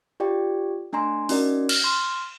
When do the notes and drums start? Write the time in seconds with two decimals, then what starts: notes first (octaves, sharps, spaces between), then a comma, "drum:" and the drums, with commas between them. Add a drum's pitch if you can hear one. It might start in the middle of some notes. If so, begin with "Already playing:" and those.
0.20 F4 G4 D5 G5
0.93 A3 D4 G#5 A#5 C6
1.29 C#4 D#4 F#4 A#4 D5, drum: open hi-hat
1.69 F6, drum: cymbal
1.84 C6 F6